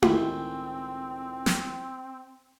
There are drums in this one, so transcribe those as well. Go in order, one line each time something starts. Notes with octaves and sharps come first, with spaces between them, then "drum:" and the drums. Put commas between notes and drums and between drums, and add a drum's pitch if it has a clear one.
C#2 A2 D#3 C4, drum: tom E4
drum: snare